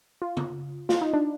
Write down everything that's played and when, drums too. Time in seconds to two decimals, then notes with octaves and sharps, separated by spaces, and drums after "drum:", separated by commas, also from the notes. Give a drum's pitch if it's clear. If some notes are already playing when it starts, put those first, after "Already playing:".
0.22 F4
0.37 drum: tom C#3
0.89 F4, drum: snare
1.02 D#4
1.13 D4